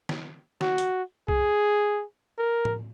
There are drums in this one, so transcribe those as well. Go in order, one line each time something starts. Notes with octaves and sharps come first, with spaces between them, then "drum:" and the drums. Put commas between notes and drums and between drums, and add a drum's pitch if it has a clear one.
drum: snare
F#4, drum: snare
drum: hi-hat
G#4, drum: kick B1
A#4
drum: tom A2